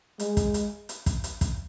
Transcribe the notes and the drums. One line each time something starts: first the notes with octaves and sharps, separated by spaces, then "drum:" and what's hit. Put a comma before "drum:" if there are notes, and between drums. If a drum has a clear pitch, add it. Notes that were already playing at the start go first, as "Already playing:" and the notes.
G#3, drum: hi-hat
drum: kick, hi-hat
drum: hi-hat
drum: hi-hat
drum: kick, hi-hat
drum: hi-hat
drum: kick, hi-hat